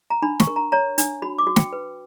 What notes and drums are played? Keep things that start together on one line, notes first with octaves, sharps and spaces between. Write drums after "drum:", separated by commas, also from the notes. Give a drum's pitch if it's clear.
A#5
D4 B5
C#6, drum: snare
A#4
A#5
C#5 A#5
D4, drum: hi-hat
F#4 B5
D6
F#4
G5, drum: snare
B4